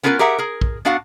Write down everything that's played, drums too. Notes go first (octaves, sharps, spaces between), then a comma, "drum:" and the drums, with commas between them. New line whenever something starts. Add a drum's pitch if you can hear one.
B3 C#4 F4 G#4 A#4 B4
G4 G#4 A#4 E5 F#5
G#4 A#4
drum: kick
B3 D4 F#4 F5 F#5